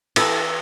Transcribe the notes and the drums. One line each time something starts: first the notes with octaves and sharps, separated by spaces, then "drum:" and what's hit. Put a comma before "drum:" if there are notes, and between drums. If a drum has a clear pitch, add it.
E3 E4 A4, drum: cymbal